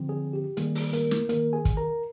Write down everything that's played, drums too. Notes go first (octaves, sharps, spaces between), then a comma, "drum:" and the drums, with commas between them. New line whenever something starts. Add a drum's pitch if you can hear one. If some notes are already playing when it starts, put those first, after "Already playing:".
Already playing: D3 F3 C4
G#4
G4
D#3 G3 A#3 G#4, drum: hi-hat
drum: open hi-hat
A#3 A#4, drum: hi-hat
drum: snare
D#3 A#3 A#4, drum: hi-hat
G#4 G#5
drum: kick, hi-hat
A#4 A#5